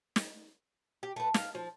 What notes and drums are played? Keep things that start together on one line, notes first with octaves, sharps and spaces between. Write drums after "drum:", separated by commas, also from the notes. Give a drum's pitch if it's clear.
drum: snare
G4
A3 B4
F5, drum: snare
F3